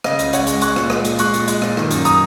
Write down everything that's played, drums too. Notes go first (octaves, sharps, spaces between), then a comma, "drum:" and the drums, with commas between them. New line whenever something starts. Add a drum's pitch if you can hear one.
C#3 D#5, drum: rim click
C#2, drum: hi-hat
C#2 C#5 F#5, drum: hi-hat
G#3, drum: hi-hat
G#3 C#6 F#6, drum: hi-hat
A#2, drum: rim click
G#3, drum: rim click
A#2, drum: hi-hat
G#3 C#6 F#6, drum: hi-hat
A#2, drum: hi-hat
G#3, drum: hi-hat
A#2, drum: rim click
D#3, drum: rim click
F#2, drum: hi-hat
A#5 D#6, drum: hi-hat